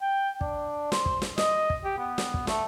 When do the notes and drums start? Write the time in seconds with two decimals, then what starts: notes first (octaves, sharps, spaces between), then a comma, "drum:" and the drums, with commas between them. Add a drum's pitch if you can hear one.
0.01 G5
0.41 D4, drum: kick
0.92 C5, drum: snare
1.06 drum: kick
1.22 drum: snare
1.38 D#5, drum: snare
1.70 drum: kick
1.85 G4
1.98 B3
2.18 drum: snare
2.34 drum: kick
2.47 A3, drum: snare